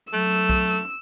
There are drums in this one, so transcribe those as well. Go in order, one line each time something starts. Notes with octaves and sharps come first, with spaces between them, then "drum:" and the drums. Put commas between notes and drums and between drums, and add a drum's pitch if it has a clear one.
F#3 A3 E6
drum: hi-hat
drum: kick
drum: hi-hat